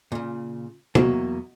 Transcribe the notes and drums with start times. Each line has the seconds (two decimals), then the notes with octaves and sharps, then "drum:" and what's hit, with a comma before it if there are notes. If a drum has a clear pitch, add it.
0.12 A#2 C#3
0.95 E2 B2 F#3 A#3, drum: tom